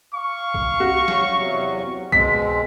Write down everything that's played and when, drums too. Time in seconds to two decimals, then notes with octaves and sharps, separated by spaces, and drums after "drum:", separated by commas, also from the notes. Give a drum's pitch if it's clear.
0.13 F5 C#6
0.54 drum: kick
0.80 F#4
1.08 drum: snare
1.35 E2 C3 F#3
2.12 B2 G#3 C4 B6, drum: kick